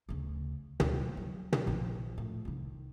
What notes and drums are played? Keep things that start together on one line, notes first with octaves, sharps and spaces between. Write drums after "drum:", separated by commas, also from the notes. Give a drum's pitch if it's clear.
D2 C#3
D2 G3, drum: tom
F3 F#3
drum: tom
A#1 F3
A2 F3
C2 D#3